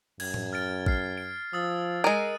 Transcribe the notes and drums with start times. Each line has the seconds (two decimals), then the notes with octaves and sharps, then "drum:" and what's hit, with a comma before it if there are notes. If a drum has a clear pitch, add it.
0.20 F#2 G#6, drum: cymbal
0.34 drum: tom A2
0.53 F6 A6 D7
0.86 F6 C7, drum: kick A1
1.17 D7
1.53 F3 D#6 E6 A6
2.04 G#3 A#4 E6 F#6 D#7